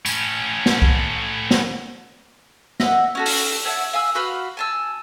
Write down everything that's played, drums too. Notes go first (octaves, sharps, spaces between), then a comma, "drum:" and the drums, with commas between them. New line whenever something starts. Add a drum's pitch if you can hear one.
A2 C#4, drum: tambourine
drum: snare
drum: kick C2
drum: snare
D#5 E5 F#5, drum: snare
C#4 F#4 A4
drum: open hi-hat
C#5 E5 F#5 A5
F5 G#5 E6
F#4 B4 F5
G#5 A5 E6